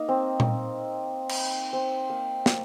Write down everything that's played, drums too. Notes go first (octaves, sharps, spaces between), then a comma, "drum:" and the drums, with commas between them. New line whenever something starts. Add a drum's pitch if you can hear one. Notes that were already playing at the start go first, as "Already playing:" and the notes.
Already playing: A#3 D#4
C4
drum: tom A#2
drum: cymbal
C4
A#3
A#3, drum: snare